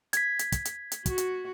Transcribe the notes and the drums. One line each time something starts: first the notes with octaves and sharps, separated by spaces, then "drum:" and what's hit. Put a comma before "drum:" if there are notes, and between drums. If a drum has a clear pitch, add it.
G#6 B6, drum: hi-hat
drum: hi-hat
drum: kick, hi-hat
drum: hi-hat
drum: hi-hat
F#4, drum: kick, hi-hat
drum: hi-hat